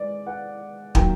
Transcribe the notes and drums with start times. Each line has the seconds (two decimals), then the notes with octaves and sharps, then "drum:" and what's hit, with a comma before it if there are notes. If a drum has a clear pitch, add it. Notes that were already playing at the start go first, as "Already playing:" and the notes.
Already playing: G#3 D5
0.27 F#5
0.95 D#3 F#3 A#3 G5, drum: kick